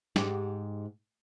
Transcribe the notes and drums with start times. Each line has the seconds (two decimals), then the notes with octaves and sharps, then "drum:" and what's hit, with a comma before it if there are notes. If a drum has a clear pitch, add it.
0.16 G#2 G4, drum: snare